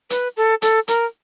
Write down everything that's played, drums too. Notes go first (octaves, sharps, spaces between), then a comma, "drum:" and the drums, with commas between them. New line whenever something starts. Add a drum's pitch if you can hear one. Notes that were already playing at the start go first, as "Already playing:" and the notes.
B4, drum: hi-hat
A4
A4, drum: hi-hat
A#4, drum: hi-hat